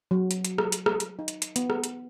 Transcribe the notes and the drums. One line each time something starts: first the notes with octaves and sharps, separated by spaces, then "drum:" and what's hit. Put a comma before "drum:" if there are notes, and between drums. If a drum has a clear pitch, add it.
F#3
drum: hi-hat
drum: hi-hat
drum: rim click
drum: hi-hat
drum: rim click
drum: hi-hat
D#4
drum: hi-hat
drum: hi-hat
B3, drum: hi-hat
drum: rim click
drum: hi-hat